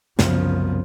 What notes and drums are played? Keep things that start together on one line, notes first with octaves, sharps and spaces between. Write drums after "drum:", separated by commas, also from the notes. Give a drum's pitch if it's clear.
C2 F#2 C#3 F3 B3, drum: snare